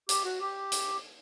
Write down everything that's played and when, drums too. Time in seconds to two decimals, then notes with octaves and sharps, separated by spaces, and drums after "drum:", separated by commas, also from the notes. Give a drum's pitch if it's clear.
0.09 G4, drum: hi-hat
0.25 F#4
0.40 G4
0.72 drum: hi-hat